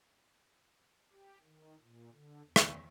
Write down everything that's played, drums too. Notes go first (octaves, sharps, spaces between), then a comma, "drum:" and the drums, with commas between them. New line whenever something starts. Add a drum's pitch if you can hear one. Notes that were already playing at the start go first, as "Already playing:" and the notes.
G4
D#3
A#2
D3
E2
drum: rim click